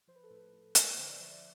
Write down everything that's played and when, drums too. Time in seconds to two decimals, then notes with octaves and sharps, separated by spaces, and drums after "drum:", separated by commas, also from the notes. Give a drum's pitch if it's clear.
0.08 F3 C5
0.16 B4
0.23 A4
0.30 A2 B4
0.53 A2
0.75 F3, drum: hi-hat
0.97 D3 C5
1.09 D5
1.20 F3 E5
1.31 D5